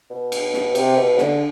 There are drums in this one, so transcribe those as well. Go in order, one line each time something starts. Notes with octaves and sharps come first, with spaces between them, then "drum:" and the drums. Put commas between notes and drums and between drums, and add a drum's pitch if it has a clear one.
B2
drum: cymbal
drum: snare
C3, drum: cymbal
B2
D3, drum: snare